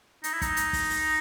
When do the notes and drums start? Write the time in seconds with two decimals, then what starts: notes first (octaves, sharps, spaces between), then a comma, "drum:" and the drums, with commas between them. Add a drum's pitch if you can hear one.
0.24 D#4, drum: hi-hat
0.33 E4
0.42 D#4, drum: kick, hi-hat
0.57 drum: hi-hat
0.73 drum: kick, open hi-hat
0.90 drum: open hi-hat